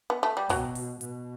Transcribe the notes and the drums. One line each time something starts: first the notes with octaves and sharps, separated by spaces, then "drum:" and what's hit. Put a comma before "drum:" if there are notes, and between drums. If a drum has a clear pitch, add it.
B3
A3
G3
B2 F#3, drum: kick, open hi-hat
drum: open hi-hat
B2, drum: hi-hat